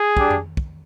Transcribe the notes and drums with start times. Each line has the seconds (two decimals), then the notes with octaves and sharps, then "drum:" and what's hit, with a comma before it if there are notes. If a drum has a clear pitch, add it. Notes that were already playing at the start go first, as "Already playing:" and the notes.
Already playing: G#4
0.17 G3 D4 G4, drum: kick
0.30 drum: tom F2
0.57 drum: kick